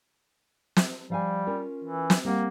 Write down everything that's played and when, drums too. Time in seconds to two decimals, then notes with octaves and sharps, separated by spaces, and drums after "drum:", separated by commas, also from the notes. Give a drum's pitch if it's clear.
0.77 drum: snare
1.10 F3 G3 F5 G#5
1.47 C#4 F4 A#4
1.84 E3
2.10 drum: snare
2.25 G3 A#3 C4 F#5